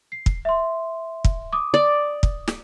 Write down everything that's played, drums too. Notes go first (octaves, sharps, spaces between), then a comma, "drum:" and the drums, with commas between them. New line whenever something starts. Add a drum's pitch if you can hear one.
C7
drum: kick
E5 C6
drum: kick
D6 D#6
D5
drum: kick
drum: snare